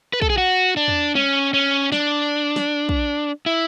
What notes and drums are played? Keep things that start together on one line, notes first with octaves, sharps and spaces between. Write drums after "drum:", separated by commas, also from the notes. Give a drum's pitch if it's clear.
B4
A4, drum: kick
G#4
F#4
D4
drum: tom E2
C#4, drum: tom
C#4
D4, drum: snare
drum: snare
drum: kick
E4